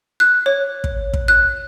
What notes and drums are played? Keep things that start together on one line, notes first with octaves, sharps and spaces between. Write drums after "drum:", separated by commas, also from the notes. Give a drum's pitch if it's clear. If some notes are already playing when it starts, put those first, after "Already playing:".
F#6
C#5
drum: kick
drum: kick
F#6